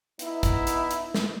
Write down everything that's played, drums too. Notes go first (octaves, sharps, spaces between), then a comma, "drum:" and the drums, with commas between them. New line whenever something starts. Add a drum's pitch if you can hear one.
B3 D#4 E4, drum: hi-hat
drum: kick, hi-hat
drum: hi-hat
drum: hi-hat
drum: snare